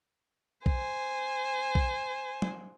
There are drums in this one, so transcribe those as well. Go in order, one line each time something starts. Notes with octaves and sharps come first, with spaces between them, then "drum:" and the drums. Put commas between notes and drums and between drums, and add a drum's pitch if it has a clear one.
C5 G#5, drum: kick B1
drum: kick B1
drum: tom